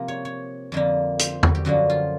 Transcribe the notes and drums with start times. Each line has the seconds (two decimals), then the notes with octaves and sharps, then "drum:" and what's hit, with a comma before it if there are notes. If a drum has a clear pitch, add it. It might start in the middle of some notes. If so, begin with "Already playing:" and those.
Already playing: C3 F3 A#3
0.08 C#5
0.25 C#5
0.72 F2 D3 F3 A#3
1.19 C5, drum: hi-hat
1.43 F#4, drum: tom E2
1.55 G4
1.65 F#2 D3 F3 A#3 F#4
1.90 F4